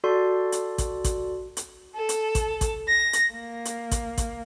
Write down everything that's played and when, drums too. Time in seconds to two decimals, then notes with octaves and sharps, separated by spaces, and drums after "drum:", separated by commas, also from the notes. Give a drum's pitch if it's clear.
0.04 F#4 A4 D5 C6
0.52 drum: hi-hat
0.78 drum: kick A1, hi-hat
1.04 drum: kick A1, hi-hat
1.57 drum: hi-hat
1.96 A4
2.09 drum: hi-hat
2.35 drum: kick A1, hi-hat
2.61 drum: kick A1, hi-hat
2.87 A#6
3.13 drum: hi-hat
3.32 A#3
3.65 drum: hi-hat
3.91 drum: kick A1, hi-hat
4.18 drum: kick A1, hi-hat